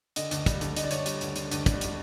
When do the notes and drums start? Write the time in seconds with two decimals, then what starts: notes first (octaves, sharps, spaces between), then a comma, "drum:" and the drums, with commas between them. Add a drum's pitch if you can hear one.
0.16 D3 D#5, drum: hi-hat
0.31 D2, drum: hi-hat
0.46 G3, drum: kick, hi-hat
0.61 D2, drum: hi-hat
0.76 D3 D#5, drum: hi-hat
0.84 D5
0.91 D2 C#5, drum: hi-hat
0.98 D5
1.06 G3, drum: hi-hat
1.21 D2, drum: hi-hat
1.36 D3, drum: hi-hat
1.51 D2, drum: hi-hat
1.66 G3, drum: kick, hi-hat
1.81 drum: hi-hat